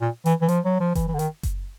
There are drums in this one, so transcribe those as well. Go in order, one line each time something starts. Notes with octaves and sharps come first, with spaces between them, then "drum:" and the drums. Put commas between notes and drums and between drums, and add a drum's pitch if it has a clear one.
A#2
E3, drum: hi-hat
E3
F3, drum: hi-hat
F#3
F3
E3, drum: kick F#1, hi-hat
E3
D3
D#3, drum: hi-hat
drum: kick F#1, hi-hat